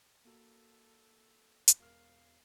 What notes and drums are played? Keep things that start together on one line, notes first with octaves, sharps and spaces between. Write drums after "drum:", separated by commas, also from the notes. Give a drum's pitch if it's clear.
A#3 F#4 A4
drum: hi-hat
E1 A#4 F5 F6